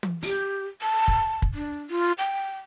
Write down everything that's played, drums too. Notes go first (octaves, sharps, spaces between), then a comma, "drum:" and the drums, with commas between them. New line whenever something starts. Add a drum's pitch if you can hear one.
drum: tom
G4, drum: open hi-hat
A5
drum: kick
drum: kick
D4
F4
G5